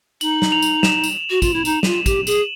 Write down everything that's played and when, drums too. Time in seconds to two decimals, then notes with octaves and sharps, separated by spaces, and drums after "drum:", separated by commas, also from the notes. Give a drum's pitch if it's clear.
0.21 D#4 F#7, drum: tambourine
0.42 drum: snare
0.52 F7
0.62 drum: tambourine
0.83 E7, drum: snare
1.04 drum: tambourine
1.30 F#4
1.42 F4, drum: kick, tambourine
1.54 E4
1.65 D#4, drum: tambourine
1.83 F4 D#7, drum: snare
1.94 E7
2.06 G4 F7, drum: kick, tambourine
2.27 G#4 F#7, drum: tambourine